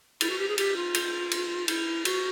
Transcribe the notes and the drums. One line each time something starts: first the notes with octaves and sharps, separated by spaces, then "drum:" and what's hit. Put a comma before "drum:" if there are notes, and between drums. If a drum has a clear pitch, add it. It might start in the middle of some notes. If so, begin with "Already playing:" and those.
E4, drum: cymbal
F#4
G4
G#4
G4, drum: cymbal
F4
drum: cymbal
drum: cymbal
E4, drum: cymbal
F#4, drum: cymbal